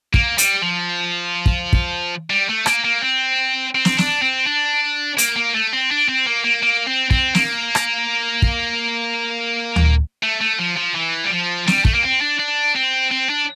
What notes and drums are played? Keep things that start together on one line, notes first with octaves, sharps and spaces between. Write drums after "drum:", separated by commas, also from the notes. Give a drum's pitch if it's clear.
A#3, drum: kick
G3, drum: hi-hat
F3
drum: kick
drum: kick
G3
A3
A#3, drum: rim click
A#3
C4
C4
drum: snare
D4, drum: snare
C4
D4
A#3, drum: hi-hat
A#3
A3
C4
D4
C4
A#3
A#3
A#3
C4
C4, drum: kick
A#3, drum: snare
drum: rim click
drum: kick
drum: tom D2
A3
A3
F3
F3
E3
G3
F3
G3, drum: snare
A3, drum: kick
A#3
C4
D4
D4
C4
C4
D4